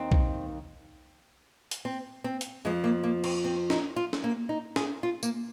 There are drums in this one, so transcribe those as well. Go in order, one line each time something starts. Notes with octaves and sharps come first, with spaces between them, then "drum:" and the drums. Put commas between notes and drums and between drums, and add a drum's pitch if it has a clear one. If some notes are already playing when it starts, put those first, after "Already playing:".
Already playing: D#2 D#3 C4
drum: kick
drum: hi-hat
C4
C4
drum: hi-hat
F2 F3 G#3
A#3
A#3
C4, drum: cymbal
C4
D#4, drum: snare
F4
drum: snare
A#3
D#4
G#4, drum: snare
F4
A#3, drum: tambourine